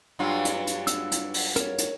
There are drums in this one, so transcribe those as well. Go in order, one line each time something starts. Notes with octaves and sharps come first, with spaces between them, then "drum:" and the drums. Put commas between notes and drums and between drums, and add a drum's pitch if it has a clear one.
G2 F#3 F4
drum: hi-hat
drum: hi-hat
E6, drum: hi-hat
drum: hi-hat
drum: open hi-hat
A#4 C#5, drum: hi-hat
drum: hi-hat